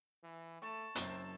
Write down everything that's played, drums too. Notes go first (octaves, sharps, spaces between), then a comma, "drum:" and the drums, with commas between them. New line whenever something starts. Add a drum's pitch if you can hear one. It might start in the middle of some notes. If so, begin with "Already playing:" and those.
E3
A3 A5 C#6
F#1 F#2 C4, drum: hi-hat